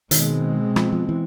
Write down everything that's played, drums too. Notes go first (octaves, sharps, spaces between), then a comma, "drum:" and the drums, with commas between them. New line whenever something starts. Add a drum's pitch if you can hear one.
B2 D#3 G#3 C4, drum: hi-hat
F3, drum: rim click
F3
E3